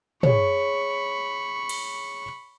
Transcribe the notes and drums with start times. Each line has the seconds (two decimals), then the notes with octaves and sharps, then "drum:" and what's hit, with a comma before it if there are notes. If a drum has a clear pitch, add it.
0.23 G#4 C#5 B5 C#6, drum: tom
1.69 drum: cymbal